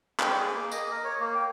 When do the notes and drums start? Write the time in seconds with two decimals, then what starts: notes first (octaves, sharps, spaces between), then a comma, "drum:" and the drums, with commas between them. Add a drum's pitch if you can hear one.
0.20 G5, drum: clap
0.39 G#4
0.55 A#3
0.72 D#5, drum: tambourine
0.91 A#4
1.04 C#5
1.20 A#3
1.35 G5